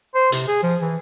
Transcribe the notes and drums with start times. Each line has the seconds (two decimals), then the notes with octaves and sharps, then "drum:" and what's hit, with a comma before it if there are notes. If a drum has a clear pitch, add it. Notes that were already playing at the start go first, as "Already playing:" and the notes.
0.14 C5
0.32 C3, drum: hi-hat
0.48 G#4
0.63 F3
0.81 E3